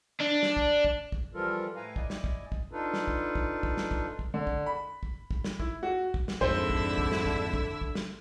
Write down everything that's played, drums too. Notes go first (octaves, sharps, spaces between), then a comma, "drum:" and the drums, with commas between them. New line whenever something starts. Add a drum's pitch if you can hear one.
D4
drum: snare
drum: kick
drum: kick
drum: kick
E3 F3 G3 F4 A4 A#4
A2 E4 B4 F5 G#5 A#5
E4 D5 D#5 G#5, drum: kick
drum: snare
drum: kick
drum: kick
D4 D#4 F4 A4 B4
drum: snare
drum: kick
drum: kick
drum: kick
drum: snare
drum: kick
drum: kick
D3
drum: kick
B5
drum: kick
drum: kick
drum: snare
E4, drum: kick
F#4
drum: kick
drum: snare
F2 G#2 D3 E4 C5 E5, drum: kick
drum: kick
drum: kick
drum: snare
drum: kick
drum: kick
drum: kick
drum: snare